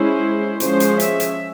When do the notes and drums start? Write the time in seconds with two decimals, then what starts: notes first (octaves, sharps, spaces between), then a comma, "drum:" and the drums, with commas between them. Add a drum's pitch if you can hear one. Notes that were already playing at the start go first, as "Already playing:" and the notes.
Already playing: G#3 C#4 E4 C5
0.60 F3 G#3 C#4 C5, drum: hi-hat
0.80 drum: hi-hat
1.00 E5, drum: hi-hat
1.20 drum: hi-hat